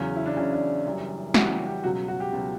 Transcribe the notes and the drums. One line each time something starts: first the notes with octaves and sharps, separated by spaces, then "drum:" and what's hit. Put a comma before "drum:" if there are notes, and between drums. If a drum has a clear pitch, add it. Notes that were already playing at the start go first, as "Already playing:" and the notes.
Already playing: E2 C#3 F#3 C#4
E4
D4
E2 C#3 F#3 C#4
D4
F#1 F#2 E3 G3
F#1 F#2 E3 G3 F#4, drum: snare
G4
G4
C#2 B2 F#3 F#4
F#4
G4
C#2 B2 F#3